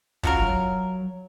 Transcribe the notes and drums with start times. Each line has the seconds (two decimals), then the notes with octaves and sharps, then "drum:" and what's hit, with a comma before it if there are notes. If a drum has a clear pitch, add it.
0.23 F#2 F4 F#4 A#4, drum: kick
0.42 F#3